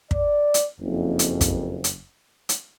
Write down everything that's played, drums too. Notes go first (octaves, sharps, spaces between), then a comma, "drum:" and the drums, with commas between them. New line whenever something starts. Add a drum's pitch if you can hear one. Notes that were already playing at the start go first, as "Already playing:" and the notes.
D5, drum: kick
drum: hi-hat
F#1 F2
drum: hi-hat
drum: kick, hi-hat
drum: hi-hat
drum: hi-hat